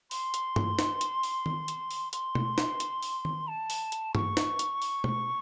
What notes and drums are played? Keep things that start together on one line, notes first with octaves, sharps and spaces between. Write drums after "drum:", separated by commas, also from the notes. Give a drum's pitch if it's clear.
C6, drum: open hi-hat
drum: hi-hat
drum: tom G2
drum: snare
drum: hi-hat
drum: open hi-hat
drum: tom D#3
drum: hi-hat
drum: open hi-hat
C6, drum: hi-hat
drum: tom B2
drum: snare
drum: hi-hat
drum: open hi-hat
drum: tom D#3
A5
drum: open hi-hat
drum: hi-hat
C#6, drum: tom G2
drum: snare
drum: hi-hat
drum: open hi-hat
drum: tom B2